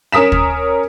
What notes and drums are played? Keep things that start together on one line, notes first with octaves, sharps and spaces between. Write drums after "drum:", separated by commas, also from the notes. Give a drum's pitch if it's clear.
C#4 A#4 D#6 B6 E7
drum: kick